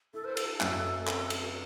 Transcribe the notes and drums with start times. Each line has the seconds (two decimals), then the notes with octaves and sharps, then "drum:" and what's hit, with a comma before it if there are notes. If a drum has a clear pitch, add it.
0.14 E4 A4
0.25 C5
0.37 A4, drum: cymbal
0.61 F#2, drum: clap
1.07 C4, drum: clap
1.30 drum: cymbal